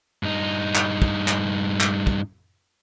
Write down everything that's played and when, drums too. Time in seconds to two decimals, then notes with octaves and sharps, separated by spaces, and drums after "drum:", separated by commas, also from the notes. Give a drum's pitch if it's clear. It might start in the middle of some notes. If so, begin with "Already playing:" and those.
0.23 G2 D#4
0.75 drum: clap
1.02 drum: kick
1.28 drum: clap
1.81 drum: clap
2.07 drum: kick